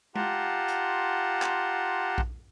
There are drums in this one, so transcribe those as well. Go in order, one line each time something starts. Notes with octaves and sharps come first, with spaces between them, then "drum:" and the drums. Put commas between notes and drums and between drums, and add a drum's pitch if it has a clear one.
F4 G4 F#5 A5 A#5 C6, drum: tom G#3
drum: hi-hat
drum: clap
drum: kick A#1